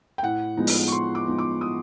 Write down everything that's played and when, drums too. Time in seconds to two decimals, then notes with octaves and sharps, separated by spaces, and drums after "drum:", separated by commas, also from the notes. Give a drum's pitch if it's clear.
0.18 G5
0.23 A2 F#5
0.57 F3 G#3 B3 D#4
0.67 drum: open hi-hat
0.88 C#6
0.92 A2 C6
1.15 D6
1.27 F3 G#3 B3 D#4
1.38 D6
1.61 A2 D#6